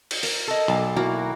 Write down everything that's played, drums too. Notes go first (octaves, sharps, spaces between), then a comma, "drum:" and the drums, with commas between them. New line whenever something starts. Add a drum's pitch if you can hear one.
drum: cymbal
A#4, drum: open hi-hat
A4 D#5
B1 D5 A5
A#3 E4 F#4 A#4